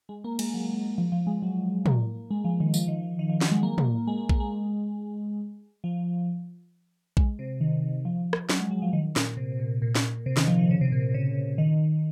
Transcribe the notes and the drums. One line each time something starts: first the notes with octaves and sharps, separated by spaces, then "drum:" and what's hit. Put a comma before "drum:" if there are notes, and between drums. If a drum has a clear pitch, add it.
G#3
A#3
G#3, drum: cymbal
F#3
F3
F3
G#3
F#3
A#3, drum: tom
G#3
F3
D#3
F3, drum: tambourine
D#3
D#3
F3
F#3, drum: snare
G#3
A#3
drum: tom
G#3
G#3
A#3, drum: kick A#1
G#3
F3
G#3, drum: kick A#1
C3
D#3
F3
drum: rim click
F#3, drum: snare
G#3
F#3
F3
D#3
A#2, drum: snare
C3
C3
A#2
A#2
drum: snare
C3
D#3, drum: snare
F3
D#3
C#3
C3
A#2
C3
C#3
D#3